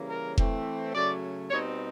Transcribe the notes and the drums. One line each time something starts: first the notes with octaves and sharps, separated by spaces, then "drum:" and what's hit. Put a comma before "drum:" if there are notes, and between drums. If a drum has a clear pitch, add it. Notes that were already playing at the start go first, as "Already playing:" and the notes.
Already playing: C#3 E3 G3 A#3 C#4
A#4
E3 A3 C4, drum: kick F1
C#3 F#3 A3 D5
B2 G3 C4 D#4 C#5